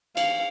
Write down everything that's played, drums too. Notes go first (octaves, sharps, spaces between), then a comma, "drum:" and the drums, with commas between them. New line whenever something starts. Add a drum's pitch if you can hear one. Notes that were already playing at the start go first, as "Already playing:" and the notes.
F5, drum: cymbal